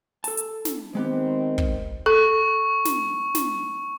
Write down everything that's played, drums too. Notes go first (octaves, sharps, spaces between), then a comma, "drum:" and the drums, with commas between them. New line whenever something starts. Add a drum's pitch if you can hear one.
A4 A5, drum: open hi-hat
drum: hi-hat
drum: snare
D#3 G#3 B3 C4 G4
drum: kick
A4 C#6
drum: snare
drum: snare